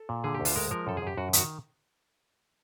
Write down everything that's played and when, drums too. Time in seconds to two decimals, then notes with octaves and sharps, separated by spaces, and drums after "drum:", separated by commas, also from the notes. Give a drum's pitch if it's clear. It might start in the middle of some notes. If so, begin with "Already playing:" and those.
Already playing: A4
0.09 A#2
0.24 D3 G#4
0.34 G4
0.40 D2
0.45 F4, drum: open hi-hat
0.56 G#3 A#4
0.71 F3 A#4
0.87 F#2 A4
0.97 G#4
1.02 F#2 G4
1.17 F#2 F#4
1.33 D#3 F#4, drum: hi-hat